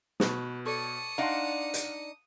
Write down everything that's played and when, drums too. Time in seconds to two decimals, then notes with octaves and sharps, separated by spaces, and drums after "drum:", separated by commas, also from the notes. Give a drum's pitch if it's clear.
0.20 B2 B4 C#5, drum: snare
0.66 A4 C#5 D5 D#6 C#7
1.18 D4 D#4 F5 F#5 C6
1.74 drum: hi-hat